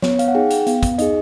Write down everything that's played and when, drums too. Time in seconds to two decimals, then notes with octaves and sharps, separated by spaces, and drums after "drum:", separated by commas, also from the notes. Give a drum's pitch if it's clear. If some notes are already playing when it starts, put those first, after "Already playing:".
0.02 B3 C#5, drum: snare
0.19 F5, drum: hi-hat
0.28 F#5
0.35 D#4 G#4 G5
0.50 G5, drum: hi-hat
0.67 B3 F5, drum: hi-hat
0.83 drum: kick, hi-hat
0.98 D#4 G#4 D#5, drum: hi-hat